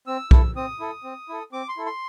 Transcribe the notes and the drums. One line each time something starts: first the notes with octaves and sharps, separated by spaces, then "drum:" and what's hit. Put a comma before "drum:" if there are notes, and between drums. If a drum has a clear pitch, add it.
C4 E6
E4 A4, drum: kick B1
C4 D#6
E4 A4
C4
E4 A4
C4 D6
C6
E4 A4
C6